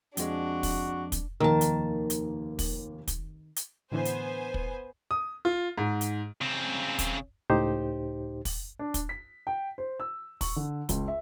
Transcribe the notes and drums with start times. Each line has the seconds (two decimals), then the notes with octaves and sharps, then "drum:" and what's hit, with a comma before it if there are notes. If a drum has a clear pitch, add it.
0.17 F2 G#3 D4 F#4, drum: hi-hat
0.63 drum: kick, open hi-hat
1.12 drum: kick, hi-hat
1.40 F1 D#2 D#3 A#3 A5
1.61 drum: hi-hat
2.10 drum: hi-hat
2.59 drum: kick, open hi-hat
3.08 drum: kick, hi-hat
3.56 drum: hi-hat
3.92 A2 D3 E3 B3 C5 G#5
4.05 drum: hi-hat
4.54 drum: kick
5.11 D#6
5.45 F4
5.78 G#2
6.01 drum: hi-hat
6.41 C#3 C4
6.99 drum: kick, hi-hat
7.50 C#2 A2 D#4 G4 C5
8.45 drum: kick, open hi-hat
8.79 D4
8.94 drum: kick, hi-hat
9.09 B6
9.47 G5
9.78 C5
10.00 E6
10.41 C#6, drum: kick, open hi-hat
10.56 D3
10.89 C#2, drum: kick, hi-hat
11.08 E5